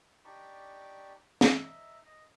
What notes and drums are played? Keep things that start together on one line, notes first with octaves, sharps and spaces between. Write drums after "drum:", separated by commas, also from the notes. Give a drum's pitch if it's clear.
D4 D#4 G4 D5 B5 C#6
D#4 E5, drum: snare
D#5